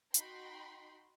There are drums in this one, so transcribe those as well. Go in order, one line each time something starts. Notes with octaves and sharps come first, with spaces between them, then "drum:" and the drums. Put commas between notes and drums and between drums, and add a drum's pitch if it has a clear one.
D#4 F#4 G5 B5 C6, drum: hi-hat